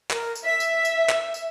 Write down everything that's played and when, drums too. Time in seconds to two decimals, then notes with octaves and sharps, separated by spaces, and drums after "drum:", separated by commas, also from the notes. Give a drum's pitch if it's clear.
0.11 A#4, drum: clap
0.35 drum: tambourine
0.45 E5 B6
0.60 drum: tambourine
0.85 drum: tambourine
1.10 drum: clap
1.34 drum: tambourine